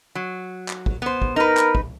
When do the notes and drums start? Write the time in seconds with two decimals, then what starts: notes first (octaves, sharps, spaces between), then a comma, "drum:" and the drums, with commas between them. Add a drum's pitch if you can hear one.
0.15 F#3
0.69 drum: clap
0.86 drum: kick
1.02 B3 C5
1.22 drum: kick
1.36 D#4 A#4 B4
1.57 drum: clap
1.75 drum: kick